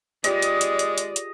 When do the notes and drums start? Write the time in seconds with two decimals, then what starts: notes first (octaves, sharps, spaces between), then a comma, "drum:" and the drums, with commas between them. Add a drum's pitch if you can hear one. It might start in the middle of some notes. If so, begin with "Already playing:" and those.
0.24 G#3 F4 G4 G#4 D5 D#5, drum: hi-hat
0.42 drum: hi-hat
0.61 drum: hi-hat
0.79 drum: hi-hat
0.98 drum: hi-hat
1.16 drum: hi-hat